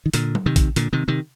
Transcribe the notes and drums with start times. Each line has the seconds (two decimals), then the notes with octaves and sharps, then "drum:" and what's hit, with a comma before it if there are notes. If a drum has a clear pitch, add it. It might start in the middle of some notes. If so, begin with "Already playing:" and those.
0.06 D#3
0.13 A#2 D3, drum: hi-hat
0.35 drum: tom F#3
0.46 C3 D#3
0.56 drum: kick A#1, hi-hat
0.76 A#2 D3, drum: hi-hat
0.93 C3 D#3
1.08 C3 D#3